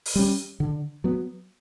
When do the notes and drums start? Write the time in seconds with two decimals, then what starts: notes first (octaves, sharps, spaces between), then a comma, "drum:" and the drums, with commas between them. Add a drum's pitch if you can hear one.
0.06 drum: open hi-hat
0.16 G3 C#4
0.60 D3
1.04 F#3 B3